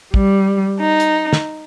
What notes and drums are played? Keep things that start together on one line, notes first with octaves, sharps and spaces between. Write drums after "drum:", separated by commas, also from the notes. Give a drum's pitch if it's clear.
G3, drum: kick
D#4
drum: hi-hat
drum: snare